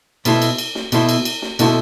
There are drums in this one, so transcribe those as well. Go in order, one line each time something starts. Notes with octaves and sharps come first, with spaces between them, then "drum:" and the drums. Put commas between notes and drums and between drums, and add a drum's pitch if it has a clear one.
B2 B3 E4 A4 C5, drum: cymbal
drum: cymbal
drum: cymbal
drum: snare
B2 B3 E4 A4 C5, drum: cymbal
drum: cymbal
drum: cymbal
drum: snare
B2 B3 E4 A4 C5, drum: cymbal